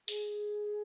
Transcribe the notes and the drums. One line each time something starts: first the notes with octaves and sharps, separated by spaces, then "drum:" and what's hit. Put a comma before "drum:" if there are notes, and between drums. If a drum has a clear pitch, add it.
G#4, drum: hi-hat